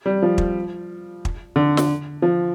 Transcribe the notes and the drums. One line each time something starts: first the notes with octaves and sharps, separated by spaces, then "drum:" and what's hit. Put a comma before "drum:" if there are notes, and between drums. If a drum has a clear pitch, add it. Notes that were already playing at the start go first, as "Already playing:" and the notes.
G3
F3
drum: kick
drum: kick
D3
drum: snare
F3